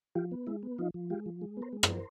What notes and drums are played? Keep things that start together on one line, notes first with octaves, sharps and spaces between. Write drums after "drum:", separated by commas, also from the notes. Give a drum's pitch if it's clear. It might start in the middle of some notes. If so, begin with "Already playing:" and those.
F3 F4 G4
B3
G#3 E4
B3
F3 D#4 F4
F3
G#3 F4 G4
F3
G#3
B3
A#4 C5
G#3
F3 A#4 C5, drum: rim click